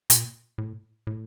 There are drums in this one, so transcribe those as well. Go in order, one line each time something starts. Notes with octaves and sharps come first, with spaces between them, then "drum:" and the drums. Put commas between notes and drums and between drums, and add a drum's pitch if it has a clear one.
A#2, drum: hi-hat
A2
A2